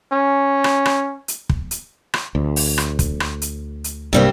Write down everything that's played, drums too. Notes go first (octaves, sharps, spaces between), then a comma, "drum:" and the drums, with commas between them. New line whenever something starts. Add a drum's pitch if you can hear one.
C#4
drum: rim click
drum: rim click
drum: hi-hat
drum: kick
drum: hi-hat
drum: rim click
D2
drum: open hi-hat
drum: rim click
drum: kick, hi-hat
drum: rim click
drum: hi-hat
drum: hi-hat
B1 G2 C3 G3 A#3 C4